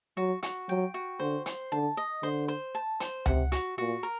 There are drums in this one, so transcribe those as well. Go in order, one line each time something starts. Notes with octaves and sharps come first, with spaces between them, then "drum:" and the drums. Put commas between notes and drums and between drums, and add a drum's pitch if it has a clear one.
F#3 F#4
F#4, drum: hi-hat
F#3 G5
F#4
D3 C5
C5, drum: hi-hat
D3 A5
D#5
D3 C5
C5
A5
C5, drum: hi-hat
C3 F#5, drum: tom C#2
F#4, drum: hi-hat
A#2 F#4
A#4